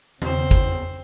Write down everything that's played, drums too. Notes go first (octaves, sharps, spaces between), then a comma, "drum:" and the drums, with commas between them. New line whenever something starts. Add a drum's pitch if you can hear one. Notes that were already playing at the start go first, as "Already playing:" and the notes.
E2 C#3 C4 C5, drum: tom D#3
drum: kick